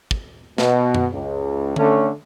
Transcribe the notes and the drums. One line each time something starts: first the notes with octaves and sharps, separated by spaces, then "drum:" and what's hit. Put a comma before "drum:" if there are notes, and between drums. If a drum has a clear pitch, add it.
drum: kick
B2, drum: snare
drum: tom F#2
C#2
D3 A3 C#4, drum: tom D3